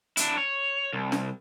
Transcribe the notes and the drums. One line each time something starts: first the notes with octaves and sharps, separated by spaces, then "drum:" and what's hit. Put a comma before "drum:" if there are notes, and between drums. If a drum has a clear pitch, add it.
D4 E4, drum: hi-hat
C#5
C2
drum: snare